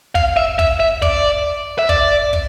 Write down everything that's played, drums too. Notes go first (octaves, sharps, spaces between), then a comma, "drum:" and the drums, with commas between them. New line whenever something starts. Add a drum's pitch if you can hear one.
F5, drum: kick
E5
E5, drum: kick
E5
D5, drum: kick
E5
D5, drum: kick
drum: kick